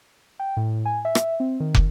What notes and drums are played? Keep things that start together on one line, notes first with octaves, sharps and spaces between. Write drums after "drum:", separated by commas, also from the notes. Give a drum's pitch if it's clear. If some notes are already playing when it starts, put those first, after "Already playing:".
G5
A2
G#5
E5
drum: rim click
C4
D#3
drum: kick